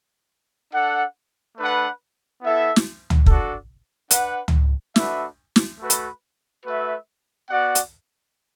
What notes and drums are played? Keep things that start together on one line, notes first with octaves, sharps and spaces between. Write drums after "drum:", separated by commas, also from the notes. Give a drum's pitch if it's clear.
D4 A4 F#5
A3 D4 B4 F#5
B3 E4 A4 E5
drum: snare
drum: tom C#2
D4 F#4 A4, drum: kick
D4 B4 F#5, drum: hi-hat
drum: tom C#2
A3 D4 F#4 B4 E5, drum: snare
drum: snare
A3 F#4 B4
drum: hi-hat
A3 F#4 B4 E5
B3 F#4 D5 F#5
drum: hi-hat